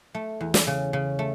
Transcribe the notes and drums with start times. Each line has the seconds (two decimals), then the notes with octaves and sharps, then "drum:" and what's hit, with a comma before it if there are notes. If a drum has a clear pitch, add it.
0.15 A3
0.41 E2
0.54 drum: snare
0.67 C#3
0.93 C#3
1.19 A3